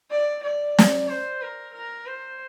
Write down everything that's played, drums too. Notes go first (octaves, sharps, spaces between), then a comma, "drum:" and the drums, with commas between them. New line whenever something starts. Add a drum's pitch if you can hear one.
D5
D5
drum: snare
C5
A#4
A#4
C5